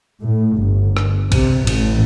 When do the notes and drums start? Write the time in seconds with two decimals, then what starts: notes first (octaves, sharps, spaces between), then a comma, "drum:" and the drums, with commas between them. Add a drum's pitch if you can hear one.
0.20 A2
0.57 G1
0.97 drum: rim click
1.32 C3, drum: kick A#1, cymbal
1.67 A1, drum: cymbal